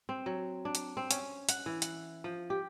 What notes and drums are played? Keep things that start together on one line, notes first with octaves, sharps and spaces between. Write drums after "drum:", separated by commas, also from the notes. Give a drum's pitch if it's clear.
C4
F#3
D4
drum: hi-hat
C4
C#4, drum: hi-hat
F#5, drum: hi-hat
E3
F#5, drum: hi-hat
F3
G4